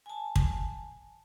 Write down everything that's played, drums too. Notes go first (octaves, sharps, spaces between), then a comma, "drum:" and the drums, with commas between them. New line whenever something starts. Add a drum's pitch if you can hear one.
G#5 A5
drum: kick